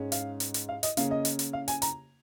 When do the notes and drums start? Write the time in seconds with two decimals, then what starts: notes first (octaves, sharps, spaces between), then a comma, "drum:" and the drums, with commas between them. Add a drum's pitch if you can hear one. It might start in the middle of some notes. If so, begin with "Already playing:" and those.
Already playing: G#2 G#3 C#4
0.12 F5, drum: hi-hat
0.40 drum: hi-hat
0.54 drum: hi-hat
0.69 F5
0.83 D#5, drum: hi-hat
0.97 C#3 A#3 C#4 F5, drum: hi-hat
1.11 D#5
1.25 drum: hi-hat
1.39 drum: hi-hat
1.53 F5
1.68 G#5, drum: hi-hat
1.82 A#5, drum: hi-hat